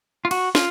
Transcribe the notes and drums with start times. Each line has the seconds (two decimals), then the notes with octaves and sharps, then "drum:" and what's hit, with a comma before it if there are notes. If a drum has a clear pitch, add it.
0.25 F4
0.31 F#4, drum: cymbal
0.55 F4, drum: snare